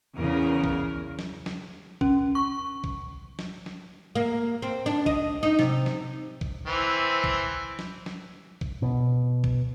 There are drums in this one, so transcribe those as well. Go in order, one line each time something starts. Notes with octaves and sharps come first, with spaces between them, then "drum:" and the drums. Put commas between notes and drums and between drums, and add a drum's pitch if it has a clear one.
E2 C#3 A#4
drum: kick
drum: snare
drum: snare
C#4, drum: kick
C#6
drum: kick
drum: snare
drum: snare
A#3
C4
D4
D#5, drum: kick
D#4
C3, drum: snare
drum: snare
drum: kick
E3 C4
drum: kick
drum: snare
drum: snare
drum: kick
B2
drum: kick